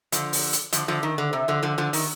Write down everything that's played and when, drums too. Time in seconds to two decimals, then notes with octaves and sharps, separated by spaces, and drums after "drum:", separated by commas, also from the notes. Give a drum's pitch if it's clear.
0.12 D3 F3, drum: hi-hat
0.33 drum: open hi-hat
0.53 drum: hi-hat
0.73 D3 F3, drum: hi-hat
0.88 D3 F3
1.03 D#3
1.18 D3
1.33 C3
1.48 D3 F3
1.63 D3 F3
1.78 D3 F3
1.93 D#3, drum: open hi-hat